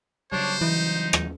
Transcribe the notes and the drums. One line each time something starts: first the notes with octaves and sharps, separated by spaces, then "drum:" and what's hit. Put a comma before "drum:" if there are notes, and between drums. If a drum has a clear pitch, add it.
C#3 F#3 G3 D4 C5 C#5
E3 D#4
drum: rim click